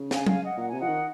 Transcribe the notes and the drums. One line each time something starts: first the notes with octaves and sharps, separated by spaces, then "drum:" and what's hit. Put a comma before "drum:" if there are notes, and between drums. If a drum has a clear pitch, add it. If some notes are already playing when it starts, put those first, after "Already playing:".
Already playing: C#3
F5 G#5, drum: snare
F5 G#5, drum: tom
D#5 F#5
A#2 F#5
C3 G#5
F3 D#5 F#5
D#3